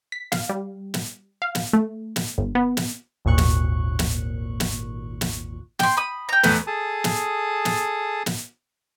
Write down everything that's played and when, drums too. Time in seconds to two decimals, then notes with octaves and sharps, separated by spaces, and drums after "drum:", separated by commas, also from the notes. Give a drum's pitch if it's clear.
0.12 B6
0.32 F5, drum: snare
0.49 G3
0.94 drum: snare
1.42 F5
1.55 drum: snare
1.73 A3
2.16 drum: snare
2.38 G1
2.55 B3
2.77 drum: snare
3.25 G#1 D#2 A#2 C#6 F#6
3.38 drum: snare
3.99 drum: snare
4.60 drum: snare
5.21 drum: snare
5.79 G5 C6, drum: snare
5.97 B5 D#6
6.29 G5 A#5
6.43 E2 A3 B4, drum: snare
6.67 G#4 A4 A5 D#6
7.04 drum: snare
7.65 drum: snare
8.26 drum: snare